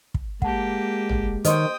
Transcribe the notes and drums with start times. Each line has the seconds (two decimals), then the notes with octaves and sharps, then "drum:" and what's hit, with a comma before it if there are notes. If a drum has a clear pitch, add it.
0.14 drum: kick
0.42 G#3 A#3 G4 F#5 A5, drum: kick
1.09 drum: tom
1.44 D#3 C5 C#5 D#5 G5 C6 D#6, drum: hi-hat